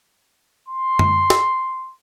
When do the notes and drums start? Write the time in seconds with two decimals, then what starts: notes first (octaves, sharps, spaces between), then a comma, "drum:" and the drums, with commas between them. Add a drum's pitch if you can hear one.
0.68 C6
0.99 drum: tom
1.30 drum: snare